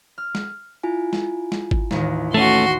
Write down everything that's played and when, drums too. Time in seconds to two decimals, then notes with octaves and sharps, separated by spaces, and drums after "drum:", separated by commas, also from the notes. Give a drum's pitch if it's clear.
0.18 F6
0.35 drum: snare
0.83 E4 F4 G#5
1.13 drum: snare
1.52 drum: snare
1.71 drum: kick G#1
1.91 A1 D#2 D#3, drum: snare
2.34 A3 C#4 F#4 C6